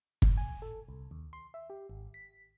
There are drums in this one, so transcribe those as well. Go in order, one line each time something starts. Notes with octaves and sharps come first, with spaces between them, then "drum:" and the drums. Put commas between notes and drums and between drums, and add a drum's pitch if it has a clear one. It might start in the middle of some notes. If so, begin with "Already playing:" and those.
E2, drum: kick G1
G#5
A4
C2
D#2
C6
E5
G4
G#1
B6